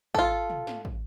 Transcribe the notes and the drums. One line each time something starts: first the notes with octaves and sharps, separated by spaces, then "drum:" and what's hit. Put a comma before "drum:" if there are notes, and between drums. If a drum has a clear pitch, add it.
F4 A4, drum: kick
drum: tom
drum: snare
drum: kick